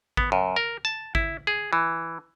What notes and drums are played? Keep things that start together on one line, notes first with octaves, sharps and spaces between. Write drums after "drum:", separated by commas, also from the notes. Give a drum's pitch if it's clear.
B3, drum: kick G#1
F#2
A#4
A5
E4, drum: kick G#1
G#4
E3